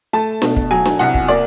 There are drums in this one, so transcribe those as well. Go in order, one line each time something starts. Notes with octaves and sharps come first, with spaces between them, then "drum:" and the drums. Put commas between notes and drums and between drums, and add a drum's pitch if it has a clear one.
A3 A5
B2, drum: snare D4
drum: kick
F#3 G#5
drum: snare D4
C2 F#5
drum: kick
A#3 D5